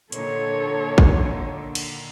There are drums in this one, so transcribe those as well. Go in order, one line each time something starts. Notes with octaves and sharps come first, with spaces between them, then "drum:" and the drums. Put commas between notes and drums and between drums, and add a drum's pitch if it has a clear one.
A#2 D3 D#3 A4 C#5, drum: hi-hat
drum: kick
drum: cymbal